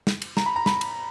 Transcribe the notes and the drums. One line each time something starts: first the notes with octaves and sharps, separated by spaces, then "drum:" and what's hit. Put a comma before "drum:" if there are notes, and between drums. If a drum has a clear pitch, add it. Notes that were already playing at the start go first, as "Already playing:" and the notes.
drum: snare
drum: cymbal
A#5, drum: snare
B5
A#5
B5, drum: snare
drum: cymbal